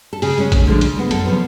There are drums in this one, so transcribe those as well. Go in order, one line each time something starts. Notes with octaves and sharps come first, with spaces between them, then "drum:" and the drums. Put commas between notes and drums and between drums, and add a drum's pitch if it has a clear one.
A4
C#3 G#4, drum: open hi-hat
G#3 C#4
D2, drum: kick A1, hi-hat
D3 F3 G#3
C#3, drum: hi-hat
G#3 B3
F#2 A4, drum: hi-hat
C#3 F3 B3